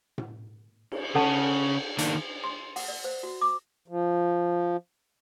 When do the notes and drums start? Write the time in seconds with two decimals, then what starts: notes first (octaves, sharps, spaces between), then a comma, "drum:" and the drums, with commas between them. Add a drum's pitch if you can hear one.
0.18 drum: tom A2
0.92 drum: cymbal
1.15 C#3 C#4 A4 F#5 A5
1.98 D#3 A#3 D4, drum: hi-hat
2.44 C6
2.76 F#5, drum: open hi-hat
2.88 D5
3.04 C5
3.23 F#4
3.41 D6
3.88 F3